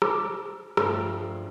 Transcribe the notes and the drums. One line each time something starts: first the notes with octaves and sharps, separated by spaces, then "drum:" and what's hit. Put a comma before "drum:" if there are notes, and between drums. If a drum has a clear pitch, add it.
C5 D6, drum: rim click
G2 F3 A3, drum: rim click